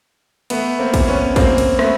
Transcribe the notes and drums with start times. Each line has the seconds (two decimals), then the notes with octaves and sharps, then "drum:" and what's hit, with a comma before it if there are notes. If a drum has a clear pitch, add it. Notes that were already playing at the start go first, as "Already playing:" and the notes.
0.50 A3 B3, drum: cymbal
0.79 A#3 C4
0.94 drum: kick, cymbal
1.08 B3 C#4
1.36 A#3 C4, drum: kick, cymbal
1.58 drum: cymbal
1.79 A3 B3, drum: rim click